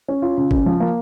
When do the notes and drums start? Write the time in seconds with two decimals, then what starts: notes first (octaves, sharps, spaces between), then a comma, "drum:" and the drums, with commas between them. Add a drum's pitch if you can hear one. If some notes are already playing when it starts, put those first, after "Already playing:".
0.08 C#4
0.22 F4
0.37 C#3
0.51 C#3, drum: kick
0.66 F3
0.80 A#3